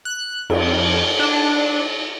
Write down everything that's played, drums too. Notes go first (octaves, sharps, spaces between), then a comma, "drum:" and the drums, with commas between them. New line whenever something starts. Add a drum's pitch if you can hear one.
F#6
F2, drum: cymbal
D4